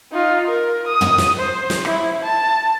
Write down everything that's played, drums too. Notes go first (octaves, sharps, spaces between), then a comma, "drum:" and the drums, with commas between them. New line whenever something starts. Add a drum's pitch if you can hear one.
D#4 F4
A#4
D#6
drum: tom
drum: snare
C5
drum: snare
E4, drum: rim click
A5